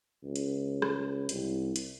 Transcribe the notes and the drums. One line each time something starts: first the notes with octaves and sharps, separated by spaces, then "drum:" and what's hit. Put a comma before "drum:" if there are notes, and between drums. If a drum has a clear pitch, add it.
C#2
drum: hi-hat
drum: rim click
C2, drum: hi-hat
drum: hi-hat